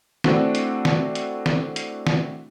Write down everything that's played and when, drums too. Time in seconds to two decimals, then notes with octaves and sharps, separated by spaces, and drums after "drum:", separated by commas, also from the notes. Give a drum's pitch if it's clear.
0.24 A3 C4 D4 E4 F#4, drum: snare
0.55 drum: hi-hat
0.85 drum: snare
1.15 drum: hi-hat
1.46 drum: snare
1.76 drum: hi-hat
2.07 drum: snare